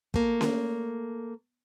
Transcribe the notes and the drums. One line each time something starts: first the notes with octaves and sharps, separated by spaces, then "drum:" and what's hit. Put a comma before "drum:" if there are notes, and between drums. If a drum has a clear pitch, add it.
A3 A#3, drum: kick
drum: snare C#4